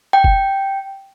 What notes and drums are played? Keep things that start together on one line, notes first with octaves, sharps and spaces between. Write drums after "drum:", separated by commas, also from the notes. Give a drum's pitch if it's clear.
G5
drum: kick